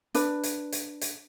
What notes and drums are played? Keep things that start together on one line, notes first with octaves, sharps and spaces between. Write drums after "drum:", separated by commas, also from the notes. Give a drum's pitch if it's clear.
D4 B4, drum: hi-hat
drum: hi-hat
drum: hi-hat
drum: hi-hat